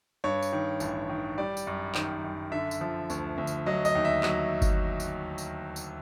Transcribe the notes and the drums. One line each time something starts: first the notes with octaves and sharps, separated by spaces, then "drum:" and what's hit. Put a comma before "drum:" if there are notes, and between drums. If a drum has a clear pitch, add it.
G2 C#5
drum: tambourine
D#3
A1, drum: tambourine
D#3
G3 D5
drum: tambourine
F#2
D#3, drum: clap
F#2
D3 E5
drum: tambourine
F3
D2, drum: tambourine
D2
drum: tambourine
F#3 D#5
D#5, drum: tambourine
D#2
E5
F#3, drum: clap
drum: kick G1, tambourine
drum: tambourine
drum: tambourine
drum: tambourine